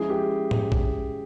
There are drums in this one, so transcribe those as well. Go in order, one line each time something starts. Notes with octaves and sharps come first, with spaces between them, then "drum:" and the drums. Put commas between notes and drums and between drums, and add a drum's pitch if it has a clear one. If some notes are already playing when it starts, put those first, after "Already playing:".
Already playing: F3 G#3 C#4 E4 G#4
G4
drum: tom
drum: kick A#1